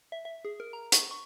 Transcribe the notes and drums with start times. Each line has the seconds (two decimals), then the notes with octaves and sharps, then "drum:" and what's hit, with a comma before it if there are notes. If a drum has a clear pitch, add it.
0.12 E5
0.25 E5
0.45 G#4
0.60 A#4
0.73 A#5
0.92 C#6, drum: hi-hat
1.11 C#6